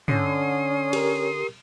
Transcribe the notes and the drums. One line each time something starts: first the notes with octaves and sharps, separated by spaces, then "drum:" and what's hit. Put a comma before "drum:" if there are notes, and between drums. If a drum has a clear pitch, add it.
D3 C#4 C6 D#6, drum: tom
G4 A#4, drum: cymbal